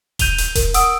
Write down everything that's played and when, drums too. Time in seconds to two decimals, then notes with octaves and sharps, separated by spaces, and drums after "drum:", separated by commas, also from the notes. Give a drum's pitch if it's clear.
0.19 G6 D#7 F7 G7, drum: kick D#1, hi-hat
0.38 drum: hi-hat
0.55 A#4, drum: kick D#1, hi-hat
0.74 F#5 D#6 E6 D7, drum: hi-hat